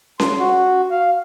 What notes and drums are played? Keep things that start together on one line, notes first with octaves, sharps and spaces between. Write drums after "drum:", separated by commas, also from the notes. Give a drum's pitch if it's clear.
C6, drum: snare C#4
F#4
F5